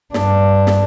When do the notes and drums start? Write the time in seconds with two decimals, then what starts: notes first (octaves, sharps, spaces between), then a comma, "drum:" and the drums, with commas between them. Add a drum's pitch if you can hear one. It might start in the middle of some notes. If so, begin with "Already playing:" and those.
0.14 G2 D4, drum: snare
0.67 drum: snare